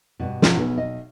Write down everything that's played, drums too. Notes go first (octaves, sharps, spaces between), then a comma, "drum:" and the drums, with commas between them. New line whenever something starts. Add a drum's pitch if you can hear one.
G2 B2
E2 F3, drum: snare
B1 B3 G#4
D#5